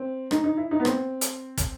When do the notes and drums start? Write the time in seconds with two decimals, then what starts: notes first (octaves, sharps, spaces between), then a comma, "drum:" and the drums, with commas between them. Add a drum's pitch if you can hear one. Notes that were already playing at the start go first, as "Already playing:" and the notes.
Already playing: C4
0.31 D#4, drum: rim click
0.44 D#4
0.57 E4
0.71 D#4
0.80 B3
0.85 C4, drum: rim click
1.21 drum: hi-hat
1.57 drum: kick, hi-hat